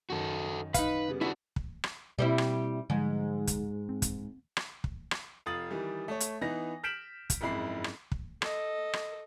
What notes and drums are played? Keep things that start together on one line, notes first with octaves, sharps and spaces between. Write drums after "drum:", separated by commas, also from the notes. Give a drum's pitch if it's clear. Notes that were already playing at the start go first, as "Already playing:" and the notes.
F#2 D#3 F#4 A4
D#4 B4 F5, drum: kick, hi-hat
C#3 G3 B3
D4 E4 F#4
drum: kick
drum: rim click
B2 G3 A#3 C4 E4
drum: rim click
G#2 D3 F3 G3
drum: kick, hi-hat
C4
drum: kick, hi-hat
drum: rim click
drum: kick
drum: rim click
F1 F4 D#6 A6 F#7
D#3 E3 G3
A3 C#5
drum: hi-hat
E3 B3 D#4 A#6
F6 G6 B6 D7 E7 F#7
drum: kick, hi-hat
F#1 F2 G#2 E4 B5 C7
drum: rim click
drum: kick
A4 D#5, drum: rim click
drum: rim click